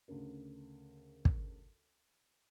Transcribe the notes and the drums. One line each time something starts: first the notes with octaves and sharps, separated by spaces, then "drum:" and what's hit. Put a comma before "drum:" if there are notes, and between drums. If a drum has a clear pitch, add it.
D2 C#3 C#4 A#4
drum: kick